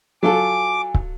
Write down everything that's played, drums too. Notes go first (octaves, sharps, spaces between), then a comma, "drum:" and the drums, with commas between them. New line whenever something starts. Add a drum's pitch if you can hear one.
F#3 F4 A4 G#5 D6
drum: kick C#1